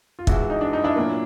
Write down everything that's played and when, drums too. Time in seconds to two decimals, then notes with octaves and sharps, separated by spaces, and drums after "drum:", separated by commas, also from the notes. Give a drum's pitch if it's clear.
0.19 F4
0.27 G2 E3 G#3 E4 F#4, drum: kick
0.50 D#4
0.61 D4
0.73 D#4
0.84 D4 E4
0.95 A#2 F#3 A#3